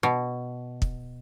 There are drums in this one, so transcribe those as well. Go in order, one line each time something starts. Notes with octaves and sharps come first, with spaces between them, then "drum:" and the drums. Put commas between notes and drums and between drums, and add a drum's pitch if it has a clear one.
B2
drum: kick